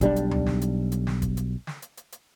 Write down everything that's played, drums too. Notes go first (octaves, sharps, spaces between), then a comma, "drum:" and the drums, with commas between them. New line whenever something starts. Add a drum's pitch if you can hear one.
B1 G3 C#4 D4, drum: kick, hi-hat
drum: hi-hat
drum: tom D2
drum: snare
drum: hi-hat
drum: hi-hat
drum: snare
drum: kick, hi-hat
drum: hi-hat
drum: snare
drum: hi-hat
drum: hi-hat
drum: hi-hat